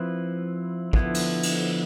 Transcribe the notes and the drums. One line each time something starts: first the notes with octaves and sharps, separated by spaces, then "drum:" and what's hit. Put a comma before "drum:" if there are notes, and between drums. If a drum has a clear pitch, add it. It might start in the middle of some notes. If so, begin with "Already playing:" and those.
Already playing: F3 C4 E4 B4
D3 F3 B3 E4, drum: kick A1
drum: cymbal
drum: cymbal